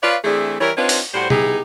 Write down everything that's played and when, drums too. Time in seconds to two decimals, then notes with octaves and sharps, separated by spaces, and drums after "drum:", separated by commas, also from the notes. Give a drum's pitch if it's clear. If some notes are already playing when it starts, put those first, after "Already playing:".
0.03 F4 B4 C#5 D5 F5
0.24 E3 A3 C4 D4 G#4
0.61 E3 G3 E4 A#4 C#5
0.77 C4 D4 D#4 F4 B4 C#5
0.89 drum: open hi-hat
1.14 A2 G3 F#4 C5
1.30 B3 D#4 E4 G4 G#4, drum: tom B2